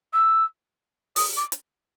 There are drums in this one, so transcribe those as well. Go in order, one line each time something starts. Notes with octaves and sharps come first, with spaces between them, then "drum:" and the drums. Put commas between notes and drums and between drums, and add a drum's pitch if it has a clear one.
E6
D#6, drum: open hi-hat
D6
drum: hi-hat